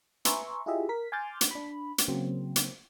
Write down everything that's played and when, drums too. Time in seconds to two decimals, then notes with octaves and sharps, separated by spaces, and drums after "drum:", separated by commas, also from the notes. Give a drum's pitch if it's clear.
0.25 B4 E5 G#5 A#5 C6 C#6, drum: hi-hat
0.66 E4 F4 G4 G#4 D#5 E5
0.89 A#4 B6
1.12 G#5 C6 D6 F6 G6 A6
1.41 drum: hi-hat
1.51 D4 B5
1.98 drum: hi-hat
2.08 C#3 F#3 A#3 C4
2.56 drum: hi-hat